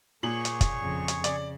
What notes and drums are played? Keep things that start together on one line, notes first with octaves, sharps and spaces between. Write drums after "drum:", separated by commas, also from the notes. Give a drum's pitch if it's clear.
A#2 A#3 G#4 C#5 C#6 F#7
drum: hi-hat
drum: kick, hi-hat
F2 C#3
drum: hi-hat
C#3 D5, drum: hi-hat